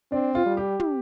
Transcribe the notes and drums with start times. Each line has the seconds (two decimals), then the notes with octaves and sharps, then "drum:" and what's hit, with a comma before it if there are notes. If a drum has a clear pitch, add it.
0.12 C4 D4
0.35 F4
0.46 G3
0.57 G4
0.80 drum: tom